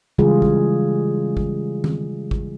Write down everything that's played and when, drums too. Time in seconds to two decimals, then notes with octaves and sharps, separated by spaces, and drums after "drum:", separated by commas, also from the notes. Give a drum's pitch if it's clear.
0.18 C#3 E3 G3 G#3 F4 G#4
0.42 drum: kick
1.37 drum: kick
1.84 drum: tom D#3
2.31 drum: kick